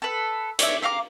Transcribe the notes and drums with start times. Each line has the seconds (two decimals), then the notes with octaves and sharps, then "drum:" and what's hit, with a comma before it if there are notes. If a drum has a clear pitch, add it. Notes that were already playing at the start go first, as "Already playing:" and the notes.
0.02 A4 B4
0.59 C#5 D5 E5, drum: hi-hat
0.82 E5 F5 A#5 D6